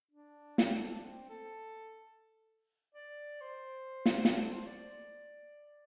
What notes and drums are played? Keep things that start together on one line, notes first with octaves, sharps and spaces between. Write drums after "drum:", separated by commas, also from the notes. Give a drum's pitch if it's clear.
D4
C4, drum: snare
A4
D4
C4
A4
D5
C5
drum: snare
G4, drum: snare
A4
C5
D5